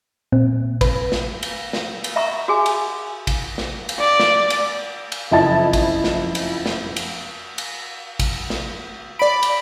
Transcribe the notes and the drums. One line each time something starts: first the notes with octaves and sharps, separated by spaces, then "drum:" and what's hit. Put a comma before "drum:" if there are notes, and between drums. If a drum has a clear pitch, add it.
A#2 C4
B4, drum: kick, cymbal
drum: snare
drum: cymbal
drum: snare
drum: cymbal
E5 A#5 C#6
F#4 G#4 G#5
drum: cymbal
drum: kick, cymbal
drum: snare
drum: cymbal
D5
drum: snare
drum: cymbal
drum: cymbal
F#1 F2 E4 D#5 A5 A6
drum: kick, cymbal
drum: snare
drum: cymbal
drum: snare
drum: cymbal
drum: cymbal
drum: kick, cymbal
drum: snare
D5 B5 D7
drum: cymbal